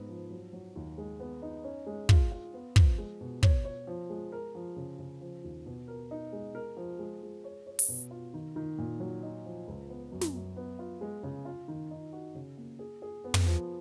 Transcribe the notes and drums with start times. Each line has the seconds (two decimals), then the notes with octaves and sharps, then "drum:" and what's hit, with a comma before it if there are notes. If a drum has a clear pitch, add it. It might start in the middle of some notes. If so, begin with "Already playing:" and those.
Already playing: G#2 B3
0.08 F3
0.30 F#3
0.53 F#3
0.76 D#2
0.98 G#3
1.20 B3
1.42 D#4
1.64 C#4
1.87 G#3
2.09 F4, drum: kick
2.32 F4
2.54 B3
2.76 F3, drum: kick
2.98 G#3
3.21 B2
3.43 C#5, drum: kick
3.65 C#5
3.87 F3
4.10 G#3
4.32 A#4
4.55 F3
4.76 C#3
4.99 C#3
5.21 F3
5.44 D#2
5.66 B2
5.88 A#4
6.11 D#4
6.33 G#3
6.55 A#4
6.77 F3
6.99 G#3
7.22 G#3
7.44 C#5
7.66 C#5
7.79 drum: open hi-hat
7.88 B2
8.11 F4
8.34 D#3
8.56 D#3
8.78 A#2
9.00 F#3
9.23 D#4
9.45 F3
9.68 C#2
9.90 B3
10.12 F#2
10.21 drum: snare
10.35 F#2
10.56 B3
10.79 F4
11.01 G#3
11.23 C#3
11.45 F4
11.68 D#3
11.91 D#4
12.13 F#4
12.35 C#3
12.57 A#3
12.79 G#4
13.02 G#4
13.24 B3
13.34 drum: tom
13.46 F3